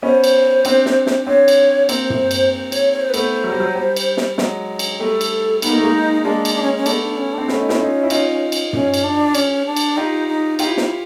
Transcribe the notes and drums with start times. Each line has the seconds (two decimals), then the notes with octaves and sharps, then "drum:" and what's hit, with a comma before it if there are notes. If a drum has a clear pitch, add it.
0.02 B3 C#4 C5
0.24 drum: cymbal
0.65 C4 D4, drum: cymbal
0.86 drum: snare
1.06 drum: snare
1.27 C4 D4 C#5
1.48 drum: cymbal
1.89 A#3 C4 C5, drum: cymbal
2.10 drum: tom
2.31 drum: cymbal
2.52 C5
2.72 C#5, drum: cymbal
2.93 C#5
3.01 C5
3.09 B4
3.14 A3 B3 C5, drum: cymbal
3.44 F#3
3.52 G3
3.60 F#3
3.75 G3
3.96 drum: cymbal
4.17 drum: snare
4.38 F#3 G#3, drum: snare
4.79 drum: cymbal
5.00 G3 A3 A4
5.21 drum: cymbal
5.62 B3 D#4, drum: cymbal
5.69 A#3
5.77 A3
5.83 G#3 A#3
6.24 G#3 A#3 D4
6.45 drum: cymbal
6.55 D4
6.63 C#4
6.77 C#4
6.86 A3 B3 D4, drum: cymbal
7.02 D4
7.17 C#4
7.33 D4
7.38 C4
7.48 A3 B3 C#4, drum: snare
7.59 D#4
7.69 E4, drum: snare
7.79 D#4 F4
8.03 E4
8.10 D#4 F4, drum: cymbal
8.52 drum: cymbal
8.73 C#4, drum: tom
8.94 drum: cymbal
9.04 D4
9.35 C#4, drum: cymbal
9.66 D4
9.76 drum: cymbal
9.97 D#4 F4 G4
10.28 D#4
10.59 D#4 F4 G4, drum: cymbal
10.68 E4
10.77 D#4, drum: snare
10.86 E4